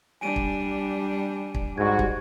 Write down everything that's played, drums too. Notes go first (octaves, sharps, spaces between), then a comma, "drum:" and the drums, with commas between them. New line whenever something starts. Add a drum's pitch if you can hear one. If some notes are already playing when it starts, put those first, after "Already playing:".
G3 D4 G#5 D7 D#7
drum: kick
drum: kick
G#2 G3 F#4 G#6
drum: kick